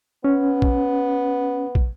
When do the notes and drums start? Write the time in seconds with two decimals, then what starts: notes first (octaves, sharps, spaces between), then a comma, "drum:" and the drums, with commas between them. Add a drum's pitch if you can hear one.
0.24 B3 C#4
0.62 drum: kick
1.75 drum: kick